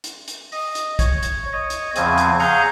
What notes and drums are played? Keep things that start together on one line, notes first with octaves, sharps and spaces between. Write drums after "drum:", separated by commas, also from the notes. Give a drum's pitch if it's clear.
drum: hi-hat
drum: hi-hat
D#5, drum: open hi-hat
drum: hi-hat
C#5, drum: kick, hi-hat
drum: hi-hat
C#5 D#5
drum: hi-hat
E2 C#3 F3 C4 G#5, drum: hi-hat
drum: hi-hat
G#4 F5 F#5 G#5 A#5 G6, drum: open hi-hat